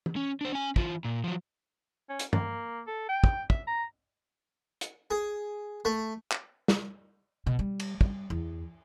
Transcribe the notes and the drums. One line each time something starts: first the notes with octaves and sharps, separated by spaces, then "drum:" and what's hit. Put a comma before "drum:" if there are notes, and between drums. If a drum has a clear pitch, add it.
drum: tom
C#4
D4 C5
C#4 G#5
E3 F4, drum: kick
A#2
F3 F#3
C#4
drum: hi-hat
A#3, drum: tom
A4
G5
drum: kick
E5, drum: kick
A#5
drum: hi-hat
G#4
A3
drum: clap
drum: snare
B2
G3
drum: cymbal
G3, drum: kick
E2